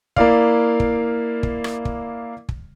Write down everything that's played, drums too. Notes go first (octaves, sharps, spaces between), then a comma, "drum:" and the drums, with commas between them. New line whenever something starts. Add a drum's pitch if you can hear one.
A#3 E4 D5 F5, drum: kick
drum: kick
drum: kick
drum: rim click
drum: kick
drum: kick